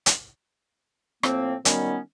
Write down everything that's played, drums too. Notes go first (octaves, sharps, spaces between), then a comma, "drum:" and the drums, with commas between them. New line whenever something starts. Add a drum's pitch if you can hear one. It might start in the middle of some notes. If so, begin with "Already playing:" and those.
drum: hi-hat
A2 F3 A#3 C4, drum: rim click
D#3 F#3 G3 B3 C#4, drum: hi-hat